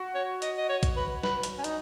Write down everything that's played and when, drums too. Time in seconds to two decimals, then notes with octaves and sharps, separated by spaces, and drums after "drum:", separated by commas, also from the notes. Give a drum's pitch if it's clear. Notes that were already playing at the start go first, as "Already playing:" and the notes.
Already playing: F#4
0.15 C#5
0.42 D#5, drum: hi-hat
0.58 D#5
0.69 C#5
0.83 drum: kick A#1, hi-hat
0.96 B4
1.23 B4, drum: snare
1.43 drum: hi-hat
1.58 C#4
1.64 D#4, drum: hi-hat